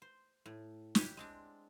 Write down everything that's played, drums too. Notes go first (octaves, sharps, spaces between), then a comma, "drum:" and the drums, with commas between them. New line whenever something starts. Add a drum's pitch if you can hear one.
C5
A2
G4 C#5 E5 G5 G#5, drum: snare
G#3 C4 D4